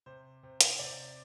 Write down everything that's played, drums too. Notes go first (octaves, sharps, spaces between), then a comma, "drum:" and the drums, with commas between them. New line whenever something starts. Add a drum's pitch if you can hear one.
C3 C5
C3
drum: hi-hat
C3 D5